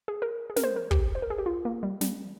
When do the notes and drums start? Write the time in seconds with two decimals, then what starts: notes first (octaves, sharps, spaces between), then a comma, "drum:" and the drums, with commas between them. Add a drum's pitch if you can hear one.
0.08 G#4
0.22 A#4
0.50 G#4
0.56 A#4, drum: snare
0.64 C5
0.76 A#4
0.91 G4, drum: kick
1.15 C5
1.22 A#4
1.30 G#4
1.38 G4
1.46 F4
1.65 A#3
1.83 G3
2.01 G3, drum: snare